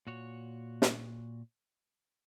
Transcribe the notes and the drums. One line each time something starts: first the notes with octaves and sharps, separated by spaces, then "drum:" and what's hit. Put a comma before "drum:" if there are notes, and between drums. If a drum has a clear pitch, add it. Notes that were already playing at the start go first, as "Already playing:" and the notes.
A#2 F#4 C#5
drum: snare